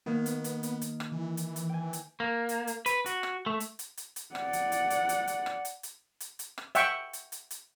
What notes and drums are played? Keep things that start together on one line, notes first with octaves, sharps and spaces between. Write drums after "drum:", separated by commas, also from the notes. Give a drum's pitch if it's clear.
D#3 A#3 B3
drum: hi-hat
drum: hi-hat
drum: hi-hat
drum: hi-hat
drum: rim click
E3
drum: hi-hat
drum: hi-hat
G5 G#5
drum: hi-hat
A#3
drum: hi-hat
drum: hi-hat
B4, drum: hi-hat
F#4, drum: hi-hat
drum: rim click
A3
drum: hi-hat
drum: hi-hat
drum: hi-hat
drum: hi-hat
D5 F#5, drum: rim click
drum: hi-hat
drum: hi-hat
drum: hi-hat
drum: hi-hat
drum: hi-hat
drum: rim click
drum: hi-hat
drum: hi-hat
drum: hi-hat
drum: hi-hat
drum: rim click
E5 F#5 G5 C#6, drum: hi-hat
drum: hi-hat
drum: hi-hat
drum: hi-hat